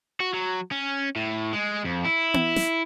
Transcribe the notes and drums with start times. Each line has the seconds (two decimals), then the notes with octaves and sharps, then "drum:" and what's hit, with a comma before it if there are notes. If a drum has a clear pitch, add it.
0.20 F#4
0.34 F#3
0.72 C#4
1.16 A2
1.53 G#3
1.85 F2
2.05 E4
2.34 drum: tom B3
2.56 drum: snare